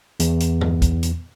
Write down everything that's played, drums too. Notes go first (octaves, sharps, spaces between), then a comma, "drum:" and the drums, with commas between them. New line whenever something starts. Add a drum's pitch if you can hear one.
E2, drum: hi-hat
drum: hi-hat
drum: tom G2
drum: kick, hi-hat
drum: hi-hat